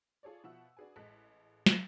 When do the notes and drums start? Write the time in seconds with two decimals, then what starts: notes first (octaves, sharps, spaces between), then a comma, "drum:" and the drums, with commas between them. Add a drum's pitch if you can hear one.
0.23 F4 G#4 A4 C#5 D5
0.43 B2 F3 E5 F#5 E6
0.77 D4 F#4 G#4 B4 G#5
0.96 A1 G#3 A4 D#5 F#6 B6
1.66 drum: snare